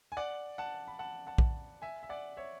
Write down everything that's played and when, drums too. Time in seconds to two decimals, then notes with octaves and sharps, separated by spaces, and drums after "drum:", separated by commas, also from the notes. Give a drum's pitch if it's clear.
0.12 G#5
0.17 D5 F#5
0.58 F#5 A5
0.88 B5
0.99 F#5 A5
1.27 F#5 A5
1.38 drum: kick A#1
1.82 E5 G#5
2.03 E5
2.09 D5 F#5
2.37 C#5 E5